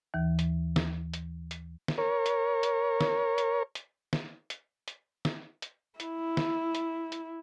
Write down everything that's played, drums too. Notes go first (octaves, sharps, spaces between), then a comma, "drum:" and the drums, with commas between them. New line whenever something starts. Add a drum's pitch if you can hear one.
D#2 E3
drum: hi-hat
drum: snare
drum: hi-hat
drum: hi-hat
drum: snare
A#4 C#5
drum: hi-hat
drum: hi-hat
drum: snare
drum: hi-hat
drum: hi-hat
drum: snare
drum: hi-hat
drum: hi-hat
drum: snare
drum: hi-hat
E4, drum: hi-hat
drum: snare
drum: hi-hat
drum: hi-hat